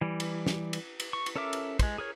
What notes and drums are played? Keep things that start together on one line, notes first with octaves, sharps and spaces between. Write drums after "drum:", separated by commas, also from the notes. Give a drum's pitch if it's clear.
E3 G3
drum: cymbal
drum: snare
drum: cymbal
drum: cymbal
C#6
drum: cymbal
C#4 A4 A#4 E5 D6
drum: cymbal
G#3 C5, drum: kick, cymbal
G#4 A#4 C#5